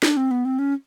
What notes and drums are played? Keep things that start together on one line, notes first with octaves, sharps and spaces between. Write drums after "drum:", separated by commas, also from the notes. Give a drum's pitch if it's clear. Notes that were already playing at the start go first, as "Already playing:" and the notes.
D4, drum: snare
C4
B3
C4
C#4